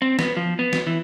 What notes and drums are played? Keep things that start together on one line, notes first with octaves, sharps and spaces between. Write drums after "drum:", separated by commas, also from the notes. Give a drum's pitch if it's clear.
C4
B3, drum: snare
F3
B3
drum: snare
E3